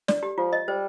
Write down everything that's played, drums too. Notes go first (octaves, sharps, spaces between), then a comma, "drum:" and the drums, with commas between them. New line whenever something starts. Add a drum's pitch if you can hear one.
D5, drum: snare
G4
F3 F4
D#5
G3 C5